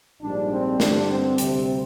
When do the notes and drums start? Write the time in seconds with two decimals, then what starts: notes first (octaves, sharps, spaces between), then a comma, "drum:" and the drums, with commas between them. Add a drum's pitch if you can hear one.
0.22 A#1 G#2 G3 D4
0.51 C4
0.80 G2 D3 G3 D4, drum: snare
1.09 C4
1.38 D2 C3 G3 C4, drum: hi-hat